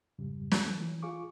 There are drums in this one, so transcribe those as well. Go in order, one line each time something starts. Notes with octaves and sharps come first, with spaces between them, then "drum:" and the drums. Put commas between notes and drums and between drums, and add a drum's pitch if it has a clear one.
F2 G#2 C#3 G3
drum: snare
E3 F#3 A3 A#3
E3
F4 G#4 F5 C#6 D6